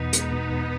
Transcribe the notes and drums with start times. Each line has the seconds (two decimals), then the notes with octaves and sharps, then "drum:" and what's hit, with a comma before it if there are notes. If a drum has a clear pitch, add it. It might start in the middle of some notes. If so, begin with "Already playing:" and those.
Already playing: E2 B2 B3 D#4
0.13 G#3, drum: hi-hat
0.32 B2
0.50 E2